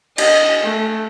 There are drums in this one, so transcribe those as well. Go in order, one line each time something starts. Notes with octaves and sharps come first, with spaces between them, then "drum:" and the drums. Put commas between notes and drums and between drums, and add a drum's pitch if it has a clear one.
D#5, drum: cymbal
A3